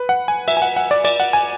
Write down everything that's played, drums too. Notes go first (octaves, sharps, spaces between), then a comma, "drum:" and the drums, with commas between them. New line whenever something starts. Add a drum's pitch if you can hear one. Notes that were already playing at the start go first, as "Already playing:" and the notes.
Already playing: B4
F#5
G#5
E5, drum: cymbal
G#5
F#5
F#5
D5
D5, drum: cymbal
F#5
G#5